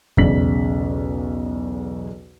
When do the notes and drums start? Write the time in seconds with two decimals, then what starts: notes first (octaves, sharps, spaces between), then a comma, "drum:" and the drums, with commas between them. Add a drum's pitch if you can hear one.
0.17 B1 E2 C#3 D5 B6 F#7, drum: kick F2